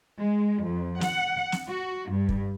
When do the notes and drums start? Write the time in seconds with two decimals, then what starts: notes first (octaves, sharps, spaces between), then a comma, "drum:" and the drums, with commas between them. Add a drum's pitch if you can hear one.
0.18 G#3
0.63 F2
1.01 F#5, drum: snare
1.52 drum: snare
1.68 F#4
2.10 G2
2.29 drum: kick